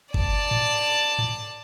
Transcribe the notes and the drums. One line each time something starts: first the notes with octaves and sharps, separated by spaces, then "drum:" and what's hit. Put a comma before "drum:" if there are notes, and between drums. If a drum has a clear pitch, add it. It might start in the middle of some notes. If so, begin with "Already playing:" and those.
D5 A5, drum: kick G1
drum: tom G#2
drum: tom G#2